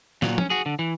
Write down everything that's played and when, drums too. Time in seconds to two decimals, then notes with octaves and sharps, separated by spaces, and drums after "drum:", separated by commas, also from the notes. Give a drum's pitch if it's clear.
0.22 A#2 F#3, drum: snare
0.38 C#4, drum: tom
0.50 F#4 G#4
0.66 D3
0.79 E3